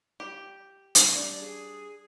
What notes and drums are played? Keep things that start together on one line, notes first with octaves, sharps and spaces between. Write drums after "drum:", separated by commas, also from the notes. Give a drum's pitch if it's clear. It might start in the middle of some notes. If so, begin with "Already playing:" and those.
G4
drum: hi-hat
G3 D4 D5
G#4